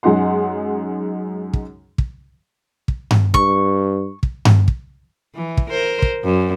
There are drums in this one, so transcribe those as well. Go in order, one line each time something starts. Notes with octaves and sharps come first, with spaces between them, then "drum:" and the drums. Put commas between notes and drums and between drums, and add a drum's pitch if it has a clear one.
F#2 G#3 D#4 F#5 C6
drum: kick
drum: kick
drum: kick
drum: tom G2
G2 C#6, drum: kick
drum: kick
drum: tom G2
drum: kick
E3
drum: kick
A#4 C5
drum: kick
F#2